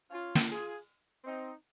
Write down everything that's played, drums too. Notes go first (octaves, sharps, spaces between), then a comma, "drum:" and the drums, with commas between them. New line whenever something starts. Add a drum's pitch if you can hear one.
C#4 F4
drum: snare
F4 G#4
C4 D#4